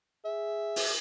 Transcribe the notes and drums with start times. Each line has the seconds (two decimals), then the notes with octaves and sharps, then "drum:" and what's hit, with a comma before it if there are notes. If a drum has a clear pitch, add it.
0.25 G#4 E5
0.76 drum: open hi-hat